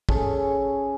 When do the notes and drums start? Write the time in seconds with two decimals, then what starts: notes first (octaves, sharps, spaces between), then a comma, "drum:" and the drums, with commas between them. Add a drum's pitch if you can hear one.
0.09 C#4 G#4 A4 C#5, drum: kick